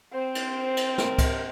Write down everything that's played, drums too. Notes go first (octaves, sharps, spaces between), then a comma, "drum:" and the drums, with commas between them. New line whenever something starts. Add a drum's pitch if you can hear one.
C4 C5
drum: cymbal
drum: cymbal
A#4, drum: snare
drum: kick C2, cymbal